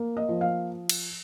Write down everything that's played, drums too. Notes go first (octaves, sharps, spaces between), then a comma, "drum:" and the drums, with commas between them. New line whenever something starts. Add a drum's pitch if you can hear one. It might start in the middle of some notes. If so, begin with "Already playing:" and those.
Already playing: A#3
D#5
F3
F5
drum: cymbal